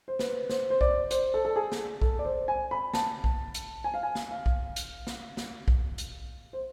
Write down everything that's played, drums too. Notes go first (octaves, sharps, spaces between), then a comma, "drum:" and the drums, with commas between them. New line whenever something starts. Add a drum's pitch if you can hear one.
C5
B4, drum: snare
C5, drum: snare
C5
D5, drum: kick B1
C5, drum: hi-hat
A4
A4
G#4
drum: snare
A4, drum: kick B1
D5
C5
G#5
B5
A5, drum: snare
drum: kick B1
drum: hi-hat
G#5
F5
G#5
drum: snare
F5
drum: kick B1
drum: hi-hat
drum: snare
drum: snare
drum: kick B1
drum: hi-hat
C5